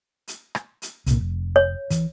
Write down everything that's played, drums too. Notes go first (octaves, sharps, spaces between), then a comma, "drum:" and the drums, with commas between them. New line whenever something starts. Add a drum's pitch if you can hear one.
drum: hi-hat
drum: rim click
drum: hi-hat
C2 A#2, drum: hi-hat
F1
C#5
E3, drum: kick, hi-hat